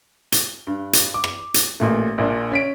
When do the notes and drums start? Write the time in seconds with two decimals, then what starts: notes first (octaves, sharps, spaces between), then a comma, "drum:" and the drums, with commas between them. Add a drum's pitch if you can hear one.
0.32 G7, drum: hi-hat
0.67 G2
0.93 drum: hi-hat
1.14 D6
1.24 drum: rim click
1.54 drum: hi-hat
1.80 A1 A#2 A3
2.18 A#1 A#2 D4
2.52 C#4 B6 D7